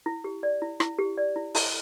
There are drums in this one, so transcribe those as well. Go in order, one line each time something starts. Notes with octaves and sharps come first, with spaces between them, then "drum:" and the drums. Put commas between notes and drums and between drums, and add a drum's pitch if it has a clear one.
E4
G4
D5
E4
E4, drum: rim click
G4
D5
E4
E4, drum: open hi-hat